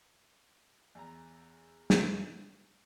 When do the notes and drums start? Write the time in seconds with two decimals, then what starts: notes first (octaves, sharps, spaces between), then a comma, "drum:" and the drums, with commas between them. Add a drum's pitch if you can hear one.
0.95 E2 A#5
1.90 drum: snare